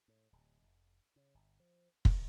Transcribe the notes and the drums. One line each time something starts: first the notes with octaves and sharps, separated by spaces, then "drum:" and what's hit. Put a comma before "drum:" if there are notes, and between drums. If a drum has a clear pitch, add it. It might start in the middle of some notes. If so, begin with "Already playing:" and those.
A2
D1
F1
C#3
G1
F3
F2, drum: kick